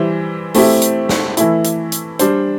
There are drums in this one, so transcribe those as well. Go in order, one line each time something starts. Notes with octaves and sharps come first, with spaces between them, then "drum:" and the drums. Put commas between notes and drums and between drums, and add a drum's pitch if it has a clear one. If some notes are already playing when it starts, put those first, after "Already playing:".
Already playing: E3 G3 E4 C5
A3 C4 E4 G4, drum: open hi-hat
drum: hi-hat
drum: snare
E3 A3 E4, drum: hi-hat
drum: hi-hat
drum: hi-hat
G3 D4 C5, drum: hi-hat